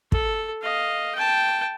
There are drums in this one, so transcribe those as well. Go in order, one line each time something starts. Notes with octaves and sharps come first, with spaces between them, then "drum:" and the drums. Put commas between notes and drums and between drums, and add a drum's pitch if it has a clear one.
A4, drum: kick
D#5 F5
G5 A5